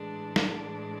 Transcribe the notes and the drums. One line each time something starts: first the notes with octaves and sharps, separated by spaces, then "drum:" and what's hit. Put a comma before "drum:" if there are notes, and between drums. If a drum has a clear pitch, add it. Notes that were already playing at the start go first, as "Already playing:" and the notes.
Already playing: A2 E3 G#3 D4
drum: snare
A2 E3 G#3